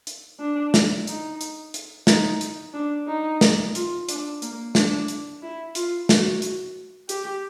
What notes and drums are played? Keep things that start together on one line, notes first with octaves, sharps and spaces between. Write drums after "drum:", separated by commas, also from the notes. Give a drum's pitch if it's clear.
drum: hi-hat
D4
drum: snare
D#4, drum: hi-hat
drum: hi-hat
drum: hi-hat
D#4, drum: snare
drum: hi-hat
D4
D#4
drum: snare
F4, drum: hi-hat
D4, drum: hi-hat
A#3, drum: hi-hat
D4, drum: snare
drum: hi-hat
E4
F4, drum: hi-hat
F#4, drum: snare
drum: hi-hat
G4, drum: hi-hat